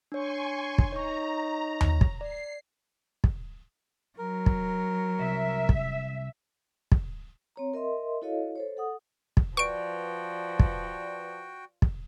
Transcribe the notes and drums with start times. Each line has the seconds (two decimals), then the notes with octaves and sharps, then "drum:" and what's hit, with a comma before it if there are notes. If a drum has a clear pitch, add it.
0.12 D4 C#5 G#5 C6 C#6
0.78 drum: kick
0.92 D#4 C#5 A#5 C#6
1.81 drum: tom D#2
2.01 drum: kick
2.21 D5 C7
3.24 drum: kick
4.18 F#3 A#4
4.46 drum: kick
5.20 C2 E5
5.69 drum: kick
6.92 drum: kick
7.56 C4 C#5 A#5
7.74 A#4 D#5 E5 C6
8.22 E4 F#4 A4 C#5 D#5 F5
8.56 A4 C5 C#5
8.77 A4 F#5 D#6
9.37 drum: kick
9.57 F3 F#4 B4 D5 G5 C#6 D7
10.59 drum: kick
11.82 drum: kick